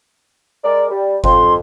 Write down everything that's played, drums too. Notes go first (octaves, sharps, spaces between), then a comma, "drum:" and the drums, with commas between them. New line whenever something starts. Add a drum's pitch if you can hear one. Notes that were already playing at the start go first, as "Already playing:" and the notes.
G#3 A#4 D5
G3
F2 C6, drum: kick F#1